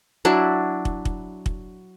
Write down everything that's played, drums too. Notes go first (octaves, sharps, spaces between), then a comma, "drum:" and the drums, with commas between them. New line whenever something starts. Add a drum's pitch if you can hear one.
F#3 D4 E4
drum: kick
drum: kick
drum: kick